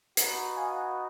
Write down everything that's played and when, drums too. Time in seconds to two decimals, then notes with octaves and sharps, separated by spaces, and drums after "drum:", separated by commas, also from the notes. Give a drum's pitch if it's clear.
0.17 B3 D#4 F#4, drum: hi-hat
0.56 F5 G#5